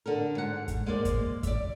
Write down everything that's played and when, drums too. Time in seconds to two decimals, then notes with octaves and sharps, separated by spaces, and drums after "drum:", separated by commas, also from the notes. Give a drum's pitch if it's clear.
0.06 D3 A4 A#4
0.35 G#2 F#5
0.68 drum: kick, hi-hat
0.86 G#3 A#3 C5 D5
1.05 drum: kick, hi-hat
1.43 D5 E5, drum: kick, hi-hat